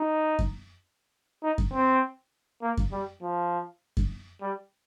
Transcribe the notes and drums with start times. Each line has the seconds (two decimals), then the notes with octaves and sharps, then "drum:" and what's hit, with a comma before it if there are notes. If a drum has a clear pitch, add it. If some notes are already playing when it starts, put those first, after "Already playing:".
Already playing: D#4
0.39 drum: kick F#2
1.43 D#4
1.58 drum: kick F#2
1.73 C4
2.62 A#3
2.77 drum: kick F#2
2.92 G3
3.22 F3
3.97 drum: kick F#2
4.41 G3